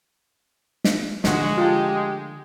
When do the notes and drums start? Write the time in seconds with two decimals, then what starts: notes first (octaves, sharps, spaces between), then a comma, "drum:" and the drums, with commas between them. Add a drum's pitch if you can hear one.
0.84 drum: snare
1.24 D3 F3 G#3 A3 F#4, drum: snare
1.58 F4 G4 A5